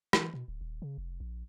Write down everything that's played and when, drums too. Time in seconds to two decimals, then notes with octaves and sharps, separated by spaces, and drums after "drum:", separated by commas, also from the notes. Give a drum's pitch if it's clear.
0.13 E3, drum: rim click
0.34 B2
0.48 D1
0.61 D#1
0.82 C#3
0.98 F1
1.20 A#1